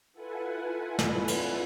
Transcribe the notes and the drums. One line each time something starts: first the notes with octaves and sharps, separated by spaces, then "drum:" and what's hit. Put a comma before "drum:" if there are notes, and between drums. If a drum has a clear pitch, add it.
E4 F4 A4 B4 F#5 G#5
drum: snare
drum: cymbal